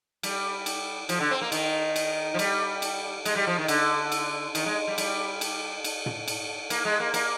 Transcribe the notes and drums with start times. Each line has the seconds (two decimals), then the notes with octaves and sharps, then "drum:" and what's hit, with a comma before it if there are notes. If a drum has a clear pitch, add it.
0.23 G3, drum: cymbal
0.66 drum: cymbal
1.09 F3, drum: cymbal
1.20 D3
1.31 C4
1.41 A#3
1.52 D#3, drum: cymbal
1.96 drum: cymbal
2.34 F3
2.39 G3, drum: cymbal
2.82 drum: cymbal
3.25 G#3, drum: cymbal
3.36 G3
3.47 F3
3.58 D#3
3.68 D3, drum: cymbal
4.12 drum: cymbal
4.55 D#3, drum: cymbal
4.66 G#3
4.87 G3
4.98 G3, drum: cymbal
5.41 drum: cymbal
5.84 drum: cymbal
6.06 drum: tom
6.28 drum: cymbal
6.70 A#3, drum: cymbal
6.85 G#3
7.00 A#3
7.14 A#3, drum: cymbal